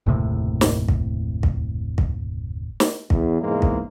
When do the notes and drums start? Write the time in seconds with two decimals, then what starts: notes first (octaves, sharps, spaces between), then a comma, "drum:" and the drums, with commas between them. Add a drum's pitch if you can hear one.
0.06 F#1 D#2 A2 C3
0.61 drum: snare
0.88 drum: kick
1.43 drum: kick
1.98 drum: kick
2.80 drum: snare
3.10 E2, drum: kick
3.41 E2 G#2 C#3 E3 G#3 A#3
3.62 drum: kick